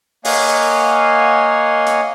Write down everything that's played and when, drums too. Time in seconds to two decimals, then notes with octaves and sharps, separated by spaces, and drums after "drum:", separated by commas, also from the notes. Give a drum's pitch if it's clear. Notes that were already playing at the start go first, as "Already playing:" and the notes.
0.25 A#3 C#5 D#5 F5 F#5 G#5, drum: open hi-hat
1.86 drum: hi-hat